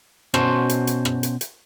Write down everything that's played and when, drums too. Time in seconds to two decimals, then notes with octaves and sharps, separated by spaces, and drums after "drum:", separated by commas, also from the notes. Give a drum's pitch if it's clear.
0.34 B2 C#4 F#4 C5 A5 C6, drum: rim click
0.69 drum: hi-hat
0.87 drum: hi-hat
1.05 drum: rim click
1.23 drum: hi-hat
1.41 drum: hi-hat